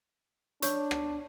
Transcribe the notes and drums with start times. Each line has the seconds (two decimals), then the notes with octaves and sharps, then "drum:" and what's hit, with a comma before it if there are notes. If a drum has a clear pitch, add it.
0.62 D4 C#5 C#6, drum: hi-hat
0.91 drum: rim click